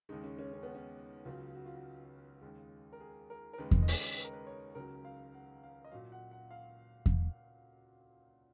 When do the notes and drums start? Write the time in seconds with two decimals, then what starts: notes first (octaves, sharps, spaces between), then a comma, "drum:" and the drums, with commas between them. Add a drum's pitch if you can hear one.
0.09 D#2 C#3 G#3 D#4
0.24 C#4
0.39 C#4
0.53 C#4
0.63 B3
0.75 C#4
1.25 C#2 C#3 F#3 F4
1.55 F#4
1.66 F4
1.75 F#4
2.42 D#2 C#3 G#3
2.93 A#4
3.01 G#4
3.30 A#4
3.53 A#4
3.58 D#2 C#3 G#3 B4
3.71 drum: kick E2
3.82 D#5
3.88 C#5, drum: open hi-hat
4.17 B4
4.24 A#4
4.33 B4
4.47 C#5
4.75 C#2 C#3 F#3 A#4
5.05 F5
5.34 F#5
5.63 F5
5.85 D#5
5.92 A#2 F#3 F5
6.12 F#5
6.31 F#5
6.51 F5
7.06 drum: kick E2